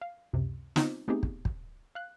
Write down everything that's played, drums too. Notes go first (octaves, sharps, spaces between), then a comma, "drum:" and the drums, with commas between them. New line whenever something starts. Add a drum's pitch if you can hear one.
F5
C#2 F#2 C3
B3 C4 D#4 F4 C5, drum: snare
A3 B3 C4 D#4 G4 G#4
drum: kick
drum: kick
F5 F#6